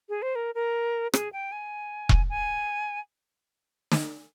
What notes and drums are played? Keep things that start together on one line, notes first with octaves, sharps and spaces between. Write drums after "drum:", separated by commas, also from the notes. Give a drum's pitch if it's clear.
G#4
C5
A#4
A#4
G#4, drum: rim click
G5
G#5
drum: kick E1
G#5
drum: snare